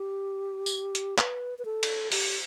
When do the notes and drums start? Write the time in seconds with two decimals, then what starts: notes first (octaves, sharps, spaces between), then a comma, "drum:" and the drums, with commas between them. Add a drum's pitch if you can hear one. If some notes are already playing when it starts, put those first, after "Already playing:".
Already playing: G4
0.66 drum: tambourine
0.95 drum: hi-hat
1.18 B4, drum: clap
1.58 B4
1.65 A4
1.83 drum: cymbal
2.12 G4, drum: open hi-hat